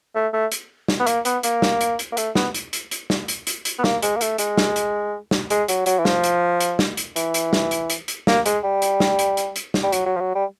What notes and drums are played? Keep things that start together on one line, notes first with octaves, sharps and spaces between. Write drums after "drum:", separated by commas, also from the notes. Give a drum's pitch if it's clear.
A3
A3
drum: hi-hat
drum: snare
B3
A#3, drum: hi-hat
B3, drum: hi-hat
A#3, drum: hi-hat
drum: snare
drum: hi-hat
drum: hi-hat
A#3
A3, drum: hi-hat
B3, drum: snare
drum: hi-hat
drum: hi-hat
drum: hi-hat
drum: snare
drum: hi-hat
drum: hi-hat
drum: hi-hat
B3
A#3, drum: snare
G#3, drum: hi-hat
A#3
A3, drum: hi-hat
G#3, drum: hi-hat
drum: snare
drum: hi-hat
drum: snare
G#3, drum: hi-hat
F#3, drum: hi-hat
F#3, drum: hi-hat
E3
F3, drum: snare
drum: hi-hat
drum: hi-hat
drum: snare
drum: hi-hat
E3, drum: hi-hat
drum: hi-hat
drum: snare
drum: hi-hat
drum: hi-hat
drum: hi-hat
A#3, drum: snare
G#3, drum: hi-hat
G3
drum: hi-hat
drum: snare
drum: hi-hat
drum: hi-hat
drum: hi-hat
drum: snare
G3
F#3, drum: hi-hat
F#3
F3
F#3
G3